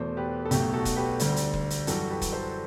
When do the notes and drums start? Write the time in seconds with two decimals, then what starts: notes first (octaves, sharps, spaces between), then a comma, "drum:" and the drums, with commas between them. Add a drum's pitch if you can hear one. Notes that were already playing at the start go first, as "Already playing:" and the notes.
Already playing: E2 B2 A3 A4 C5
0.17 G4 B4
0.45 A4
0.51 B1 B2 A3 G4, drum: hi-hat
0.73 F#4 A4
0.85 drum: kick, hi-hat
0.96 G4 B4
1.20 D2 D3 G3, drum: hi-hat
1.36 drum: hi-hat
1.53 drum: kick
1.70 drum: hi-hat
1.87 F#2 E3 G3 F#4 A4, drum: hi-hat
2.10 G4 B4
2.22 drum: kick, hi-hat
2.32 A4 C5